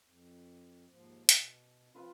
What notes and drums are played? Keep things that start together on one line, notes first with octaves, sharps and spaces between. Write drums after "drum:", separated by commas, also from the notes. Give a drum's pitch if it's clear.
F2
D#2 G#2 F3
B2, drum: hi-hat
F3 C4 F4 B4